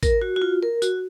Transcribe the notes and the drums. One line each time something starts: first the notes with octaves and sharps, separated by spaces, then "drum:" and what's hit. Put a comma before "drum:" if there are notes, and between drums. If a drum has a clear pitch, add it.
A#4, drum: kick, tambourine
F#4
F#4
F4
A#4
F#4, drum: tambourine